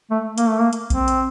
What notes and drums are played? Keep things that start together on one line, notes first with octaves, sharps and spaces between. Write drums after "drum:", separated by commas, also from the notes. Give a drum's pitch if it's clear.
A3
A#3, drum: hi-hat
A3
A#3
drum: hi-hat
C4, drum: kick A#1, hi-hat
drum: hi-hat